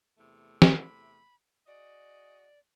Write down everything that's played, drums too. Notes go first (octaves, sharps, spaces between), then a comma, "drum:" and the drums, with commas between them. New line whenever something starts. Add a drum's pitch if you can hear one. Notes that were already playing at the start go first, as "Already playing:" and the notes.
E2 C3 A3
B5, drum: snare
F#4 G#4 D5 D#5